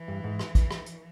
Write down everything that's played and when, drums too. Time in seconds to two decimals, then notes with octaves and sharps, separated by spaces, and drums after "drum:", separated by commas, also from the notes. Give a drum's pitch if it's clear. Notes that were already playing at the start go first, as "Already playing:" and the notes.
Already playing: E3
0.08 G2
0.24 G#2
0.39 drum: rim click
0.55 drum: kick, hi-hat
0.71 drum: rim click
0.86 drum: hi-hat